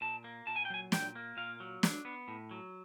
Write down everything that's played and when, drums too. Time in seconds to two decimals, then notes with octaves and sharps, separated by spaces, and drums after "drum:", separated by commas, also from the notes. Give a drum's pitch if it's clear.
0.01 A#2 A5
0.24 A#3
0.47 A#2 A5
0.56 G#5
0.65 G5
0.70 F#3 G#5
0.92 A#2 G5, drum: snare
1.15 A#3
1.37 A#2 F5
1.60 F#3
1.83 D4, drum: snare
2.05 B3
2.28 A2
2.51 F#3